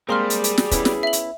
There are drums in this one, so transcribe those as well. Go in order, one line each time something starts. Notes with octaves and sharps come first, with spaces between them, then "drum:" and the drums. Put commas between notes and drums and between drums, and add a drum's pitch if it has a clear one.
G3 G#3 A#3 C4 G#4 A#5 C6 F6
drum: hi-hat
drum: hi-hat
drum: snare
B3 C#4 E4, drum: kick, hi-hat
drum: snare
E5 F#7
drum: hi-hat